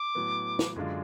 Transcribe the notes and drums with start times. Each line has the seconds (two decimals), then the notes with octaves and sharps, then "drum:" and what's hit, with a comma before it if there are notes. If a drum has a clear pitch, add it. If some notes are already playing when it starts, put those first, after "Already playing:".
Already playing: D6
0.15 A2 F#3 B3
0.59 drum: snare
0.76 F#2 D3 G#3 D4 F4